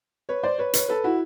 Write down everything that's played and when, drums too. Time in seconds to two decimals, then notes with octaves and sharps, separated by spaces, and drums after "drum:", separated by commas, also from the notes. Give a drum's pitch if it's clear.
0.29 B4 C#5
0.43 C5 D5
0.58 B4 C#5
0.74 B4 C#5, drum: hi-hat
0.89 A4 B4
1.04 E4 F#4